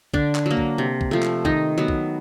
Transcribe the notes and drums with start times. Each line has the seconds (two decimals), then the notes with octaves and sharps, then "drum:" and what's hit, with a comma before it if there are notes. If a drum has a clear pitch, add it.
0.14 D3 D4, drum: kick
0.35 drum: clap
0.46 F#3 A#3
0.57 drum: kick
0.78 C3
1.01 drum: kick
1.11 F3 A3
1.23 drum: clap
1.45 D#3 D#4, drum: kick
1.78 F#3 B3
1.88 drum: kick